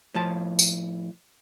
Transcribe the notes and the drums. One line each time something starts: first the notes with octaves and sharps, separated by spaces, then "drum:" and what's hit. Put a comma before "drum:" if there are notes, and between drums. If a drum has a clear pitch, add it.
A2 F3 A5
drum: tambourine